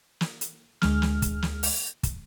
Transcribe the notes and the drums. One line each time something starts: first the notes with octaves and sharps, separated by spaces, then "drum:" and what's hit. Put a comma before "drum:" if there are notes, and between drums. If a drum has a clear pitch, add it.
drum: snare
drum: hi-hat
D2 G#3 F6, drum: snare
drum: snare
drum: kick, hi-hat
drum: snare
drum: open hi-hat
drum: kick, hi-hat